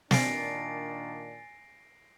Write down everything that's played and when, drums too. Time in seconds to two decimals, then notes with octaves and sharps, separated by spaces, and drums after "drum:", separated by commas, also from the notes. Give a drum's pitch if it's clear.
0.11 A#2 D#3 D4 G#5 A6 A#6 C7 D7, drum: snare